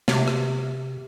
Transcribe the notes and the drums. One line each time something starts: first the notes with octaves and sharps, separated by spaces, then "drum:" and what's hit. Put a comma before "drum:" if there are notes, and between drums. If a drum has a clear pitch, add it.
C3, drum: snare
drum: rim click